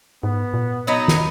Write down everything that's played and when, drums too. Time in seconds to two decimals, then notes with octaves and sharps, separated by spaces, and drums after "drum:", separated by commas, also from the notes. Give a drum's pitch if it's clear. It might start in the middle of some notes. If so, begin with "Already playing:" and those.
0.23 G#2 B3
0.54 A#2
0.87 F#3 B3 D#4 D#5
1.08 drum: snare